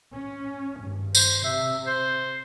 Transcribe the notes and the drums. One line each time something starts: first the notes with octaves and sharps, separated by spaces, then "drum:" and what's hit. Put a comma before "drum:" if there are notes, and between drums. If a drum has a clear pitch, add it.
C#4
G#1 G2
C5, drum: tambourine
C3 E5
C5